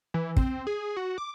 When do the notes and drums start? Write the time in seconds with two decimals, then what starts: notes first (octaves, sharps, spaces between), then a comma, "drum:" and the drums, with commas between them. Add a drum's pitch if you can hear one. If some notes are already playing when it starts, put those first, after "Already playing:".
0.14 E3
0.37 C4, drum: kick
0.67 G#4
0.97 F#4
1.18 D6